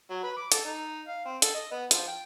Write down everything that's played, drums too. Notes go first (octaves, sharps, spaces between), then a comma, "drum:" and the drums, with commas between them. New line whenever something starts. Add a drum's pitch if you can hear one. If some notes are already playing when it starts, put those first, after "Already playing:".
F#3
B4
D6
A4, drum: hi-hat
D#4
F5
C4
A4, drum: hi-hat
D#5
B3
F3, drum: hi-hat
G5